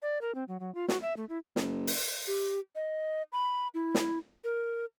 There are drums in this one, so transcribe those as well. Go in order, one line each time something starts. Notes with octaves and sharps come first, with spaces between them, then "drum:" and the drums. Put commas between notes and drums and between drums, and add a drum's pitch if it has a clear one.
D5
A#4
C4
F#3
F#3
F4
F#4, drum: snare
E5
A3
E4
F#1, drum: snare
drum: open hi-hat
G4
D#5
B5
E4
drum: snare
A#4